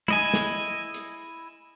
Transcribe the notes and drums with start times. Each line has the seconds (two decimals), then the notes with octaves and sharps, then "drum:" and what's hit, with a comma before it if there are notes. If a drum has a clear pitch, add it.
0.08 E4 D#5 G#5, drum: tom
0.34 drum: snare
0.94 drum: hi-hat